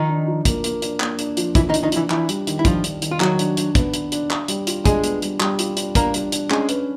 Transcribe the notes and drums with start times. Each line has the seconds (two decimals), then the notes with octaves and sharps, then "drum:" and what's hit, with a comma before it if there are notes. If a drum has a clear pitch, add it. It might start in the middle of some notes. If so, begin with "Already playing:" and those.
Already playing: D#3 F3 D#4
0.09 D4
0.28 F3
0.45 A#3, drum: kick, hi-hat
0.64 A#3, drum: hi-hat
0.82 D4, drum: hi-hat
1.00 A#3, drum: clap
1.19 D4, drum: hi-hat
1.37 F3, drum: hi-hat
1.55 E3 F3 E4, drum: kick, hi-hat
1.69 D#3 D#4
1.74 D4, drum: hi-hat
1.83 D#3 D#4
1.92 E3 F3 E4, drum: hi-hat
2.10 E3 D4 E4, drum: clap
2.29 G3, drum: hi-hat
2.47 D#3, drum: hi-hat
2.59 E4
2.65 F3 D4 F4, drum: kick, hi-hat
2.84 D4, drum: hi-hat
3.02 D#3, drum: hi-hat
3.11 F4
3.20 D#3 F#3 F#4, drum: clap
3.39 D4, drum: hi-hat
3.57 D4, drum: hi-hat
3.75 B3, drum: kick, hi-hat
3.94 D4, drum: hi-hat
4.12 D4, drum: hi-hat
4.30 D4, drum: clap
4.48 G3, drum: hi-hat
4.67 F4, drum: hi-hat
4.85 G#3 D4 G#4, drum: kick, hi-hat
5.04 B3, drum: hi-hat
5.22 G3, drum: hi-hat
5.40 G3, drum: clap
5.59 F4, drum: hi-hat
5.77 D4, drum: hi-hat
5.95 A#3 D4 A#4, drum: kick, hi-hat
6.14 G3, drum: hi-hat
6.32 D4, drum: hi-hat
6.50 G#3 C#4 G#4, drum: clap
6.69 B4, drum: hi-hat